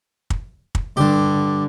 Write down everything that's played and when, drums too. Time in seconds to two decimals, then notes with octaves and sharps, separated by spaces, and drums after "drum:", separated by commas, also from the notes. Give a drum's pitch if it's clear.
0.30 drum: kick
0.75 drum: kick
0.97 G2 D3 G4